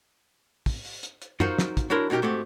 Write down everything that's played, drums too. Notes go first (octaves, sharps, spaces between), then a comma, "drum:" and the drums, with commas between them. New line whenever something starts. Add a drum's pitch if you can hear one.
drum: kick, open hi-hat
drum: open hi-hat
drum: hi-hat
drum: hi-hat
D#4 F4 F#4 A#4 C5 F5, drum: tom
drum: snare
drum: kick, hi-hat
F#3 D4 E4 A#4 C6
B2 F#3 D#4 G4 A#4
G#2 A3 C4 F#4 G4